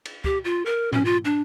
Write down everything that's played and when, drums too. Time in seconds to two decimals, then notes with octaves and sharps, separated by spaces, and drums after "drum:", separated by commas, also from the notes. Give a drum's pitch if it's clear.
0.05 drum: cymbal
0.24 G4, drum: kick
0.45 F4
0.65 A#4
0.93 C#4, drum: tom G#2
1.05 F4
1.25 D4